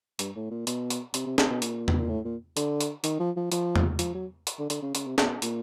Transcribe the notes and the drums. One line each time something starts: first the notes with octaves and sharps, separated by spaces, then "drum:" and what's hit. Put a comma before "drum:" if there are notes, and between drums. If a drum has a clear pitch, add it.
G2, drum: hi-hat
A2
A#2
B2, drum: hi-hat
drum: hi-hat
C3, drum: hi-hat
C3
C3, drum: snare
B2
A#2, drum: hi-hat
B2, drum: tom E2
A#2
A2
A#2
D3, drum: hi-hat
drum: hi-hat
D#3, drum: hi-hat
F3
F3
F3, drum: hi-hat
drum: tom E2
F3, drum: hi-hat
F#3
drum: hi-hat
D3
D3, drum: hi-hat
C#3
C#3, drum: hi-hat
C3
B2, drum: snare
A#2, drum: hi-hat